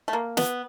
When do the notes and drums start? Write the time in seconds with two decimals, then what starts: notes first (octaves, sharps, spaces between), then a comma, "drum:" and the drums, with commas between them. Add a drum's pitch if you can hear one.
0.08 A3
0.13 A#3
0.37 B3, drum: snare